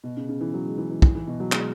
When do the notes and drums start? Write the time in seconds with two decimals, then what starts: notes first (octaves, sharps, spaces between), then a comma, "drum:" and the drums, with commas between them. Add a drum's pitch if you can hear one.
0.04 B2
0.17 C#3
0.29 C#3
0.41 E3
0.54 F#3
0.66 G#3
0.78 E3
0.91 E3
1.02 E3, drum: kick
1.15 E3
1.27 B2
1.40 F#3
1.52 G#3, drum: clap